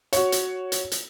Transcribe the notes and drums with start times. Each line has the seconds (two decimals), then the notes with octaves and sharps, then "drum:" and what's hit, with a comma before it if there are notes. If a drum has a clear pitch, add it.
0.13 F#4 C#5, drum: hi-hat
0.32 drum: hi-hat
0.72 drum: hi-hat
0.92 drum: hi-hat